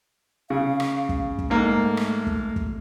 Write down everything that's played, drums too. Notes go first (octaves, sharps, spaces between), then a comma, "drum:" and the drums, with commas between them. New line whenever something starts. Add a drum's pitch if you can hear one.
C#3 F5
drum: rim click
drum: kick
drum: kick
G#2 A3 A#3
drum: rim click
drum: kick
drum: kick